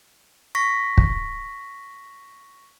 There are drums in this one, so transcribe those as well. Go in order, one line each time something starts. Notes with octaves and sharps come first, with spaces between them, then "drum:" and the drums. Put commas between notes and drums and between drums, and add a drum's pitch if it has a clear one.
C#6 A#6 B6
drum: kick